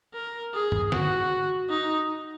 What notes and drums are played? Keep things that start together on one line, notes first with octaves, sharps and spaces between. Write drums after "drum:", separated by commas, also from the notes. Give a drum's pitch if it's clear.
A#4
G#4
drum: tom G2
F#4, drum: snare D3
D#4